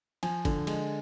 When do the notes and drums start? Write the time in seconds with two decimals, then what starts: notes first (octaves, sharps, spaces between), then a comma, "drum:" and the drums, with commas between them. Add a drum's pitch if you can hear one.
0.23 F3 G#5, drum: cymbal
0.45 D3, drum: kick, cymbal
0.67 G#3, drum: cymbal